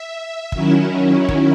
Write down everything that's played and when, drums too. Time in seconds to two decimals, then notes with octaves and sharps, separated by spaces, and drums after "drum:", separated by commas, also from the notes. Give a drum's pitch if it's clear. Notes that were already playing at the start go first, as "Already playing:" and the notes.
Already playing: E5
0.52 D#3 F#3 C#4 E4, drum: kick
1.29 drum: kick